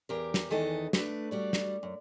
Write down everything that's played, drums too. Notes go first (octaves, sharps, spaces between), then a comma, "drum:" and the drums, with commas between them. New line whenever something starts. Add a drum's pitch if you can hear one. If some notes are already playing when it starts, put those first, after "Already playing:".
E2 G4 A#4
drum: snare
E2 D#3 E3 A4 D#5
A3 D4 B4, drum: snare
G3 F#4 D5
drum: snare
F#2